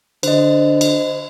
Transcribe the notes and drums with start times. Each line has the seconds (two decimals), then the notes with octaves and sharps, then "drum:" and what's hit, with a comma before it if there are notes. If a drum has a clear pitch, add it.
0.23 D3 C5 D#5, drum: cymbal
0.81 drum: cymbal